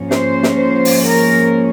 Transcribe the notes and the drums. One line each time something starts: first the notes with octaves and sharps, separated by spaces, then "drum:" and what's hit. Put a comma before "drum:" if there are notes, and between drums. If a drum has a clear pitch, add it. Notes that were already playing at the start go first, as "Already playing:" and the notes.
Already playing: G#2 F3 A#3 C#4
C5, drum: snare
drum: snare
C5
drum: open hi-hat
A#4